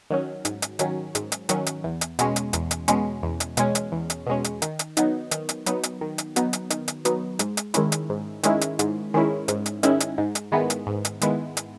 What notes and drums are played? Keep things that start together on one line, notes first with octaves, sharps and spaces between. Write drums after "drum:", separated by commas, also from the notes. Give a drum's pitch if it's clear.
D#3 F#3 C#4
G#2, drum: hi-hat
drum: hi-hat
D#3 F#3 C#4, drum: hi-hat
G#2, drum: hi-hat
drum: hi-hat
D#3 F#3 C#4, drum: hi-hat
drum: hi-hat
E2
drum: hi-hat
B2 G#3 C#4, drum: hi-hat
drum: hi-hat
E2, drum: hi-hat
drum: hi-hat
B2 G#3 C#4, drum: hi-hat
E2
drum: hi-hat
B2 G#3 C#4, drum: hi-hat
drum: hi-hat
E2
drum: hi-hat
B2 G#3 C#4
drum: hi-hat
D#3, drum: hi-hat
drum: hi-hat
F#3 B3 D#4, drum: hi-hat
D#3, drum: hi-hat
drum: hi-hat
F#3 B3 D#4, drum: hi-hat
drum: hi-hat
D#3
drum: hi-hat
F#3 B3 D#4, drum: hi-hat
drum: hi-hat
D#3, drum: hi-hat
drum: hi-hat
F#3 B3 D#4, drum: hi-hat
G#2, drum: hi-hat
drum: hi-hat
D#3 G#3 C#4 E4, drum: hi-hat
drum: hi-hat
G#2
D#3 G#3 C#4 E4, drum: hi-hat
drum: hi-hat
G#2, drum: hi-hat
D#3 G#3 C#4 E4
G#2, drum: hi-hat
drum: hi-hat
D#3 G#3 C#4 E4, drum: hi-hat
drum: hi-hat
G#2
drum: hi-hat
D#3 G#3 B3 E4
drum: hi-hat
G#2
drum: hi-hat
D#3 G#3 B3 E4, drum: hi-hat
drum: hi-hat